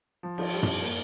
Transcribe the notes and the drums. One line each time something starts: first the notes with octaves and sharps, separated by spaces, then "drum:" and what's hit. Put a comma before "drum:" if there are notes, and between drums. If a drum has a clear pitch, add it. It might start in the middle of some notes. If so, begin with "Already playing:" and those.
F3
F3, drum: cymbal
G3
drum: tom
A#3, drum: hi-hat